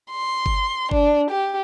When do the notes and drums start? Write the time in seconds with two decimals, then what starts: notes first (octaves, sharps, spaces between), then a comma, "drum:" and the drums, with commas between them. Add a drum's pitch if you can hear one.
0.11 C6
0.46 drum: kick G1
0.91 D4, drum: kick G1
1.30 G4